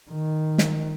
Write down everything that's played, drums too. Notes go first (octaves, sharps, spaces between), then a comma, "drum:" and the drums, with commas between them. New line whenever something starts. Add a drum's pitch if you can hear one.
D#3
drum: snare